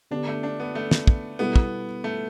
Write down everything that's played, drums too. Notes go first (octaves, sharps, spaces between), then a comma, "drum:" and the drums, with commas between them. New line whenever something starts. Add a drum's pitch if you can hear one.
D3 B3 D4 G4
A3
D4
B3
A3
drum: snare
drum: kick
B2 G3 B3 E4 A4
drum: kick
A3